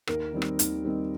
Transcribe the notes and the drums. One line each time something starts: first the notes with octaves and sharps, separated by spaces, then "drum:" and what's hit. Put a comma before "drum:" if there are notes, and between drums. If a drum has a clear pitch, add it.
D#2 A#4, drum: rim click
D#3 G3 C4 D#4
drum: rim click
D#2, drum: hi-hat
D#3 G3 C4 D#4